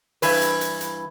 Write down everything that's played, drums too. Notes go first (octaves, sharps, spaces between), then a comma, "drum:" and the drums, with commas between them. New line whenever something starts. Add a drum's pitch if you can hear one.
G2 E3 B4, drum: open hi-hat
drum: hi-hat
drum: hi-hat
drum: hi-hat